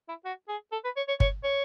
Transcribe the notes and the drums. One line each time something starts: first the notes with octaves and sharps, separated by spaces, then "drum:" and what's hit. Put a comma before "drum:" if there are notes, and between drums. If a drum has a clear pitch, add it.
E4
F#4
G#4
A4
B4
C#5
C#5
C#5, drum: kick
C#5